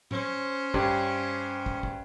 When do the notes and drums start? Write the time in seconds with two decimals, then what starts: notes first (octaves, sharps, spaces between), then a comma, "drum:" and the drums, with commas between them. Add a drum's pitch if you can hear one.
0.11 C#4 C5, drum: tom G#2
0.74 G2, drum: kick
1.66 drum: kick
1.83 drum: kick